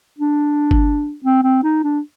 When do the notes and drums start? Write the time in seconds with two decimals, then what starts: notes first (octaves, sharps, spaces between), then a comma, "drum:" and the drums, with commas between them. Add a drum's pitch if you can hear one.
0.19 D4
0.71 drum: kick G1
1.25 C4
1.43 C4
1.64 D#4
1.84 D4